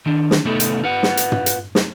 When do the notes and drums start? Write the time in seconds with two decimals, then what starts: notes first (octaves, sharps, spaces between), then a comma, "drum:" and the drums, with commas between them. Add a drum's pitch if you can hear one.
0.06 D#3 D4
0.31 drum: snare
0.45 C3 A3 B3 D#4 G#4 A4
0.60 drum: hi-hat
0.84 F4 B4 F#5
1.03 drum: snare
1.17 drum: hi-hat
1.32 drum: tom
1.46 drum: hi-hat
1.75 drum: snare